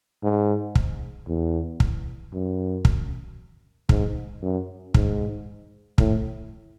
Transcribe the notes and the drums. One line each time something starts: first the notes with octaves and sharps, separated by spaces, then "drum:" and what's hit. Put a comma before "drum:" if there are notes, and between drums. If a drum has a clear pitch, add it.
G#2
drum: kick
E2
drum: kick
F#2
drum: kick
G#2, drum: kick
F#2
G#2, drum: kick
A2, drum: kick